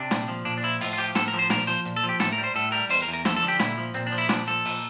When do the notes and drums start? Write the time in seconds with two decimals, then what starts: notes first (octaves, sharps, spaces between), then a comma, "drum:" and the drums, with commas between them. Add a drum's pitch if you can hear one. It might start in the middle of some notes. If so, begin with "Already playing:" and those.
Already playing: C3 D4
0.11 A#2, drum: snare
0.28 F3
0.45 A#2 D4
0.58 D4
0.64 F3 E4
0.81 A2 F4, drum: open hi-hat
0.93 F4
0.98 F3 G4
1.15 A2 A4, drum: snare
1.28 A#4
1.33 F3
1.39 C5
1.50 A#2 A#4, drum: snare
1.67 F3 C5
1.85 A#2, drum: hi-hat
1.96 A4
2.03 F3
2.09 G4
2.20 A2 A4, drum: snare
2.33 A#4
2.38 G3
2.44 C5
2.55 A2 A4
2.72 G3 A#4
2.89 E2 C5, drum: open hi-hat
3.02 A#4
3.08 E2
3.13 A#4
3.25 F3 A4, drum: snare
3.37 A4
3.42 D3
3.48 G4
3.60 A#2 E4, drum: snare
3.78 F3
3.94 A#2 C4, drum: hi-hat
4.07 D4
4.12 F3
4.18 E4
4.29 A#2 D4, drum: snare
4.47 F3 A4
4.65 A#2, drum: open hi-hat